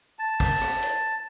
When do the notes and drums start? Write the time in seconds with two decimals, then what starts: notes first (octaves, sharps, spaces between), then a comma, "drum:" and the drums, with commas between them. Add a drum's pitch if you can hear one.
0.19 A5
0.40 drum: kick, open hi-hat
0.61 drum: rim click
0.82 drum: hi-hat